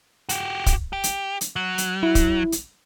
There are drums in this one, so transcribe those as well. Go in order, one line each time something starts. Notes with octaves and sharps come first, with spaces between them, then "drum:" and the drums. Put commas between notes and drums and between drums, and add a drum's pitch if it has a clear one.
F#4 G4, drum: hi-hat
drum: kick, hi-hat
G4
drum: hi-hat
drum: hi-hat
F#3
drum: hi-hat
E4
drum: kick, hi-hat
drum: hi-hat